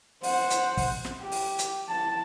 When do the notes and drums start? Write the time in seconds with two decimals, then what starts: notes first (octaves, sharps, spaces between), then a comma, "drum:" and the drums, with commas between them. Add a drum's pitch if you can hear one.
0.23 C5 F#5, drum: open hi-hat
0.50 drum: hi-hat
0.77 drum: kick, open hi-hat
1.04 drum: snare
1.21 G4
1.32 drum: open hi-hat
1.59 drum: hi-hat
1.89 A5